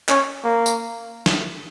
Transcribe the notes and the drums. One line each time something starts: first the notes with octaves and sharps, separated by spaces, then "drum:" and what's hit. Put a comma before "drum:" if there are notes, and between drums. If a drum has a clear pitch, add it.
C#4, drum: clap
A#3
drum: tambourine
drum: snare